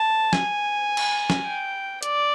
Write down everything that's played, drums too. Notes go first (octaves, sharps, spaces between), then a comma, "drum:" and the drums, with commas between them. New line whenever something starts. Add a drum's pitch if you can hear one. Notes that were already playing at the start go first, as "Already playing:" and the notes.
Already playing: A5
G#5, drum: snare
drum: cymbal
drum: snare
G5
D5, drum: hi-hat